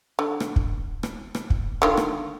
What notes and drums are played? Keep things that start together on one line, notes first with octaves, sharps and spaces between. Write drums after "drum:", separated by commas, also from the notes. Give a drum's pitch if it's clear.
D3
drum: rim click
drum: kick
drum: rim click
drum: rim click
drum: kick
D3 D#3 F4
drum: rim click